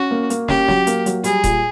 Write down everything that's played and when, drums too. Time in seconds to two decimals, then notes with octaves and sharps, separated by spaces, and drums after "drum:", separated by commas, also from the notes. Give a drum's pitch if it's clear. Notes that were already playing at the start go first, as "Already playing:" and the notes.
Already playing: C#4 F#4
0.11 A#3
0.30 A#3, drum: hi-hat
0.49 C#4 G4, drum: snare
0.68 F#3, drum: snare
0.87 A#3, drum: hi-hat
1.06 F#3, drum: hi-hat
1.24 G3 G#4, drum: hi-hat
1.44 A#2, drum: kick D#1, hi-hat